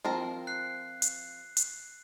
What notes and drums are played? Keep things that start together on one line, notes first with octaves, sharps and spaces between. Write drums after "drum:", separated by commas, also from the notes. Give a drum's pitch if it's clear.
F3 C4 A#4
F#6 C7
drum: hi-hat
drum: hi-hat